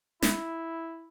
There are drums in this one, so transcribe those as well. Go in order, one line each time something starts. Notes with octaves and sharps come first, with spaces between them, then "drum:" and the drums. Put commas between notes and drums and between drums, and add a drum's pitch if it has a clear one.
E4, drum: snare